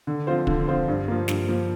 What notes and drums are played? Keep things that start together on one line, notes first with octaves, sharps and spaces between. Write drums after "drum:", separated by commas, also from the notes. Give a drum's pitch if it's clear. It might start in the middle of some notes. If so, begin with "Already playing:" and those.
D3
F3 C4 F4 C5
D3, drum: kick
F3 C4 F4 C5
G2
F3 A#3
G2, drum: snare
F3 A#3